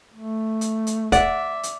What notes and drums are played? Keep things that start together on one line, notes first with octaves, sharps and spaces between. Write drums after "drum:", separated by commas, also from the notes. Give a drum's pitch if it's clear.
A3
drum: hi-hat
drum: hi-hat
D5 E5 F#5, drum: kick, hi-hat
drum: hi-hat